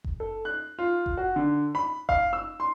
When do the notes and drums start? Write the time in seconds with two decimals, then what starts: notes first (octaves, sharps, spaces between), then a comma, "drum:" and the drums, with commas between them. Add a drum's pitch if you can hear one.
0.04 drum: kick F#1
0.20 A4
0.45 F#6
0.79 F4
1.06 drum: kick F#1
1.17 F#4
1.36 D3
1.75 B5
2.09 F5, drum: kick F#1
2.33 E6
2.60 C6